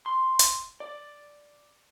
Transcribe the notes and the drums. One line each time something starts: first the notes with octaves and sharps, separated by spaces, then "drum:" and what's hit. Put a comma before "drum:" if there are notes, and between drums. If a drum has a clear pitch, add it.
C6
drum: hi-hat
D5